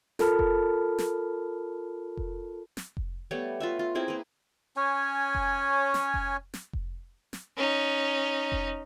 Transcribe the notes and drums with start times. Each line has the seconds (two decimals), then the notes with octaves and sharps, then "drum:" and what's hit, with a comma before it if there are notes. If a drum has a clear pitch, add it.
0.19 F4 A4 A#4 A5 B5 F6, drum: snare
0.39 drum: kick F1
0.98 drum: snare
2.17 drum: kick F1
2.77 drum: snare
2.97 drum: kick F1
3.31 G3 A3 B3 C#5
3.60 F4 B4 E5
3.79 F4
3.95 C4 E4 G#4 A#4
4.08 A#3 B4
4.76 C#4 C#5 G#5
5.35 drum: kick F1
5.94 drum: snare
6.14 drum: kick F1
6.54 drum: snare
6.73 drum: kick F1
7.33 drum: snare
7.57 C#4 D#4
8.52 drum: kick F1